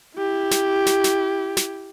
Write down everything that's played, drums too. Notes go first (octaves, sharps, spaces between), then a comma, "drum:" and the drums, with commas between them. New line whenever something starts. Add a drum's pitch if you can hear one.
E4 G4
drum: snare
drum: snare
drum: snare
drum: snare